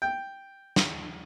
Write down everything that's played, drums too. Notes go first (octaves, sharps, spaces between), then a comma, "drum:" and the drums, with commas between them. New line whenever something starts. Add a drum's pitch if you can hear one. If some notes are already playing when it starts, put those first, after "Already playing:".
G5
drum: snare